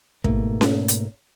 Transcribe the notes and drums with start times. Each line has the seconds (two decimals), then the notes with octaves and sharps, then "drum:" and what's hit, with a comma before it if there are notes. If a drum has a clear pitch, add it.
0.24 G#2 B2 A3 A#3, drum: kick
0.61 drum: snare C#4
0.88 drum: hi-hat